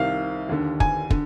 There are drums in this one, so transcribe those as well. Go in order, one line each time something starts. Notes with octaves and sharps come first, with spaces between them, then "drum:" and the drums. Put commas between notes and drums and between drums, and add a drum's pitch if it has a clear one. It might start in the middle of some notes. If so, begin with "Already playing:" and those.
Already playing: C2 C3 D#3 F5
D#2 D3
G#5, drum: kick
D3, drum: kick